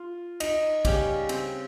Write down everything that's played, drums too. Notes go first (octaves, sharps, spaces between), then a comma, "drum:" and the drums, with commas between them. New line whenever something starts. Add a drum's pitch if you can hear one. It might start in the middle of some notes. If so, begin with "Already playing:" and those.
Already playing: F4
D#4, drum: cymbal
C#3 G3 C#4 G4, drum: kick B1, cymbal
C4, drum: cymbal